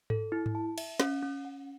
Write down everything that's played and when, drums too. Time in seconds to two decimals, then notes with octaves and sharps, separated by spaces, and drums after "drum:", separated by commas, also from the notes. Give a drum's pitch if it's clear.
0.10 A4, drum: tom G#2
0.32 E4
0.46 drum: tom G#2
0.55 A5
0.78 E5, drum: cymbal
1.00 C#4, drum: snare
1.23 C#4
1.45 F#5